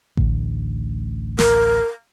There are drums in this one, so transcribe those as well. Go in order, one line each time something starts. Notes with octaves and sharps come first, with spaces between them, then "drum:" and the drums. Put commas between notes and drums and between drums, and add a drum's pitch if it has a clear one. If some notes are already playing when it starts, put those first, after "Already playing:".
A1 D2, drum: kick A1
A#4, drum: snare